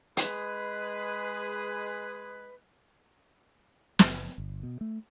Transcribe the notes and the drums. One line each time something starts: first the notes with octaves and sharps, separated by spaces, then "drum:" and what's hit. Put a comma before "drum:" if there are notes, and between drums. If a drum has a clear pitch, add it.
G#3 G#4 B4, drum: hi-hat
F#1, drum: snare
G1
B2
A3